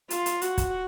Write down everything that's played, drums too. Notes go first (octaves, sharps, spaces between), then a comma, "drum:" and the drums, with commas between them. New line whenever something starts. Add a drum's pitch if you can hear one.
F4, drum: hi-hat
drum: hi-hat
F#4, drum: hi-hat
drum: kick, hi-hat